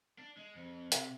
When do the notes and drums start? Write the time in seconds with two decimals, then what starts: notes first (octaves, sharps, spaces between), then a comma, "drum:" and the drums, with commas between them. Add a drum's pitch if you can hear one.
0.19 D4
0.37 G#3
0.55 F2
0.92 C3, drum: hi-hat